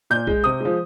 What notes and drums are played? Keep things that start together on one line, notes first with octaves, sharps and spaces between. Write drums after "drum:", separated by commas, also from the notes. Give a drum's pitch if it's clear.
A#2 G6
G#3, drum: kick
C3 D#6
F3 G#3